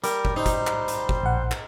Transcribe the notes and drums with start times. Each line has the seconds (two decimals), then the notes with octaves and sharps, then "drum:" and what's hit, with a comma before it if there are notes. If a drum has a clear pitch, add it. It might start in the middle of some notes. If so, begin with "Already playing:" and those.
0.04 G3 A#4, drum: hi-hat
0.25 drum: kick
0.36 D#4 C5
0.46 drum: kick, hi-hat
0.67 drum: clap
0.88 drum: hi-hat
1.09 drum: kick
1.23 A#1 F#5
1.51 drum: clap